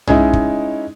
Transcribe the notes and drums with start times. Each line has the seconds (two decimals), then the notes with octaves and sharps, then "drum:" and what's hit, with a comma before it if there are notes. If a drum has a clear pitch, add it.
0.07 G#3 C#4 D#4 E4, drum: tom B1
0.33 drum: kick